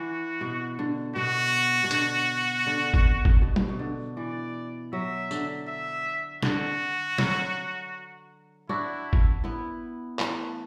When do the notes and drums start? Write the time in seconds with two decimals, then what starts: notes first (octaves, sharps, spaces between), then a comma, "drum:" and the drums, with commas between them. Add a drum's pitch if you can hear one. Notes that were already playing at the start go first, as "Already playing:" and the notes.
Already playing: E3 F#4
0.41 B2
0.79 D3
1.16 B2 F#4
1.84 B2
1.91 D3, drum: hi-hat
2.67 D3
2.94 drum: kick G1
3.25 drum: kick G1
3.42 B2
3.56 drum: tom
3.69 B2
3.79 D3
4.17 E3 D5
4.93 F#3 E5
5.31 D3, drum: tambourine
5.67 E5
6.43 D3 F#4, drum: snare
7.18 F#3, drum: snare
8.69 D4 E4 F#4
9.13 drum: kick G1
9.44 B3 E4
10.19 E3 A3, drum: clap